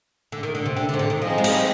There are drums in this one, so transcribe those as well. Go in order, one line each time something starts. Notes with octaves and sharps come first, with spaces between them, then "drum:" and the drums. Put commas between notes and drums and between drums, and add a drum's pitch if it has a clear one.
D3
D#3
D3
C3
D3
D3
C3
D3
D#3
F3 C4 D#4 G#4 C5 D#5
G#3
G3, drum: cymbal